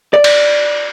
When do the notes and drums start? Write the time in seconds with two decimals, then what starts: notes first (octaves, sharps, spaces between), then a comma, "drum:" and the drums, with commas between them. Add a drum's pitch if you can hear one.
0.14 D5
0.24 drum: cymbal